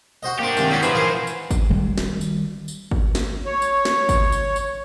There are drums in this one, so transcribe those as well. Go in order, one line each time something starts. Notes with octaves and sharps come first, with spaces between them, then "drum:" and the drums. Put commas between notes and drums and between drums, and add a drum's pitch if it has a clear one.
F#4 C5 D#5
A#3 D4 G4 C5
C3 D#3 G#3, drum: tambourine
G3 C#4 D#4 E4 F#4
E3 F3 G#4 C5, drum: tambourine
A#4 F5 A#5
drum: tambourine
drum: kick, tambourine
D#3 G3
drum: snare
drum: tambourine
drum: tambourine
drum: kick
drum: snare
C#5
drum: tambourine
drum: snare
drum: kick, tambourine
drum: tambourine
drum: tambourine